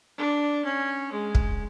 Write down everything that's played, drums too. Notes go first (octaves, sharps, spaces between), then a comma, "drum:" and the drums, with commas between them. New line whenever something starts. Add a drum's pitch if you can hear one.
D4
C#4
G#3
drum: kick